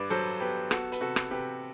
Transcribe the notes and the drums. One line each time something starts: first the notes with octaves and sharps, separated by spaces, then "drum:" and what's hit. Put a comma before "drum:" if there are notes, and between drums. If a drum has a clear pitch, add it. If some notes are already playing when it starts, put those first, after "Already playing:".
Already playing: G2 B4 D5
F#3 A4 C5
B3 G4 B4
B3 F#4 A4, drum: rim click
B4, drum: hi-hat
C3 F#4 A4
drum: rim click
C3 G4 B4